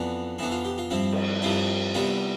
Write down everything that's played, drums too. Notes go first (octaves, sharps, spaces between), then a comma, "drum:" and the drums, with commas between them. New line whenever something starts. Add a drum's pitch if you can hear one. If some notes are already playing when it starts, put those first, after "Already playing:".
Already playing: F2 E3 B3 D4
F2 E3 B3 D4 E4
F4
G4
F4
G2 F3 C4 E4
drum: cymbal
G2 F3 C4 E4
C3 G3 B3 E4 F4